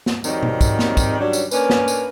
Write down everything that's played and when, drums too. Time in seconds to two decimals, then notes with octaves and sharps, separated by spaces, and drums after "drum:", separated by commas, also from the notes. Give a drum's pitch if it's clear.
0.06 drum: snare
0.24 F2 D#3 F#3 G3 C4 D#4, drum: tambourine
0.43 drum: tom B2
0.61 drum: kick, tambourine
0.79 drum: snare
0.97 drum: kick, tambourine
1.20 D#3 F#3 G3 C#4 D4
1.33 drum: tambourine
1.51 A#3 C#4 D4 A#4 B4, drum: tambourine
1.70 drum: snare
1.88 drum: tambourine